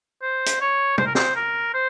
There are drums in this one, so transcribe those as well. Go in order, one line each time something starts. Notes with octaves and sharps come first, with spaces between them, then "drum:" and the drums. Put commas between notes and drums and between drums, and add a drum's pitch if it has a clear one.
C5
drum: hi-hat
C#5
C5, drum: tom
A#4
C5, drum: snare
A#4
C5